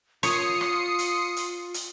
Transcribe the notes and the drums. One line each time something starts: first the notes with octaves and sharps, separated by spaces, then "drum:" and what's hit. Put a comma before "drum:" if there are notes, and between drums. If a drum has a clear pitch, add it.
F4 C#5 D#6 C7 C#7, drum: hi-hat
drum: rim click
drum: hi-hat
drum: hi-hat
drum: hi-hat